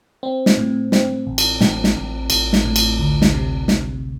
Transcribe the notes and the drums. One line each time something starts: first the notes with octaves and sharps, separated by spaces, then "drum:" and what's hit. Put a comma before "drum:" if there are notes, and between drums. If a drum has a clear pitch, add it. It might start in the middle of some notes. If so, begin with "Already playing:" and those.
C4
drum: snare
A2
C4, drum: snare
A1
drum: cymbal
A1, drum: snare
drum: snare
A1
A1, drum: cymbal
drum: snare
A2
drum: cymbal
D2
drum: snare
C3
C3, drum: snare